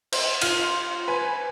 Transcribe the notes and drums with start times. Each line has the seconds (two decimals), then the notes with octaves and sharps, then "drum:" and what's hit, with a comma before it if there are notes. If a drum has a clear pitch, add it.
0.12 C5, drum: cymbal
0.41 F4 F6 D#7, drum: cymbal
0.61 C6
1.08 B4 G#5